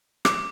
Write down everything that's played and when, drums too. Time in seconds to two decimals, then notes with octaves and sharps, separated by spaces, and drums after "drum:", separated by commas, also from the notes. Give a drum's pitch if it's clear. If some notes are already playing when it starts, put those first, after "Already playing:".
0.25 D6, drum: rim click